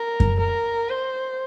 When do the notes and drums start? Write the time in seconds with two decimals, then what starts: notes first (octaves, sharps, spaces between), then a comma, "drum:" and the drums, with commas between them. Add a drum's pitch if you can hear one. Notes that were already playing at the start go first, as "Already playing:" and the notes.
Already playing: A#4
0.20 drum: kick F#2
0.40 A#4
0.90 C5